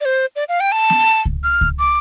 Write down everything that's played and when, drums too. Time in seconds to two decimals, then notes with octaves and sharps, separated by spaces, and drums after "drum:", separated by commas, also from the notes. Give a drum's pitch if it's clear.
0.01 D5
0.05 C5
0.36 D5
0.49 F5
0.60 G5
0.72 A5
0.90 drum: snare B3
1.25 drum: kick C#2
1.44 F6
1.61 drum: kick C#2
1.79 D6